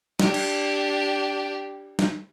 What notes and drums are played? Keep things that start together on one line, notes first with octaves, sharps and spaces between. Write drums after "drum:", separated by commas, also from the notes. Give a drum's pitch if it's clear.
D4 G4, drum: snare
drum: cymbal
drum: snare